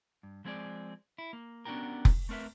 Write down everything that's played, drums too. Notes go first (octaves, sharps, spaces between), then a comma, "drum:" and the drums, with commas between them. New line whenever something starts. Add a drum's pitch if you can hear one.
G2
F3 G#3 C4 F#4 G#4 D5
E4
A#3
B3 C#4 D4 F#4 G4 A#4
drum: kick F1
A3 C4 A#4 B4 E5